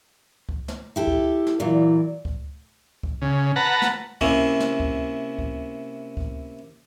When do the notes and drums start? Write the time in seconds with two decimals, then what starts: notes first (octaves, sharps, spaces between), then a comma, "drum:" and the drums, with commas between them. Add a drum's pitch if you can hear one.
0.49 drum: kick C#2
0.68 drum: snare
0.96 E4 G4 A4
1.07 drum: kick C#2
1.47 drum: snare
1.60 A#2 E3 F#3 E4 D5
2.25 drum: kick C#2
3.03 drum: kick C#2
3.22 C#3
3.56 B4 F#5 A5 A#5
3.82 drum: snare
4.21 C3 A#3 C#4 E4, drum: kick C#2
4.60 drum: snare
4.80 drum: kick C#2
5.39 drum: kick C#2
6.17 drum: kick C#2